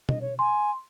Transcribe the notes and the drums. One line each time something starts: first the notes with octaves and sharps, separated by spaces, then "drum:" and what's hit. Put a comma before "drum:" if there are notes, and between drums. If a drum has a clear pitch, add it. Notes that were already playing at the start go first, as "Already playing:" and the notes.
D#5, drum: tom
C#5
G#5 C6